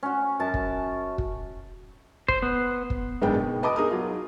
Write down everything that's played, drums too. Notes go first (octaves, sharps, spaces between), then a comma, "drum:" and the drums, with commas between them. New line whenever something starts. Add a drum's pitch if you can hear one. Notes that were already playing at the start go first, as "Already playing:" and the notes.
C#4 F#4
F#2 A5
drum: kick
drum: kick
C5, drum: kick
B3
drum: kick
F#1 G#2 B3 D4 G#4 G5
B2
B4 D#5 A5 B5 D6 D#6
D#4 G#4 A#4 D#6
F#3 F4